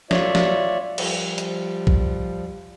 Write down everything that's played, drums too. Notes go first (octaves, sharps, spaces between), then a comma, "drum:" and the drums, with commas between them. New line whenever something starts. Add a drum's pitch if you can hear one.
F4 C#5 D5 E5, drum: snare
drum: snare
F3 G3, drum: cymbal
drum: hi-hat
drum: kick A#1